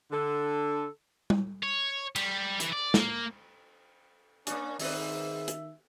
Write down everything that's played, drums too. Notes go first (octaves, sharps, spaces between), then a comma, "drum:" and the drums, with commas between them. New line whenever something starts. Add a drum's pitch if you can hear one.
D3 A4
drum: tom G3
C#5
G3, drum: cymbal
E3, drum: hi-hat
D5
A#3, drum: snare
A#3 C#4 D4, drum: hi-hat
G#2 D#3 C4 B4 E5, drum: open hi-hat
drum: hi-hat